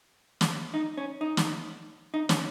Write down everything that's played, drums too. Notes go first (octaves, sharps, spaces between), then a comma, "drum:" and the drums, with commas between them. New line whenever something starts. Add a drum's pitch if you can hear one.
drum: snare
D#4
C#4
D#4
drum: snare
D#4
C#4, drum: snare